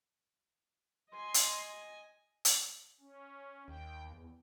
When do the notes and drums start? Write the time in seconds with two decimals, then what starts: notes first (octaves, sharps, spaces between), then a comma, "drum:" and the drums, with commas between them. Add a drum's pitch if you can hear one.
1.12 D#5 G#5 C6
1.34 drum: hi-hat
2.45 drum: hi-hat
3.00 C#4
3.68 D#2 G5
4.03 E2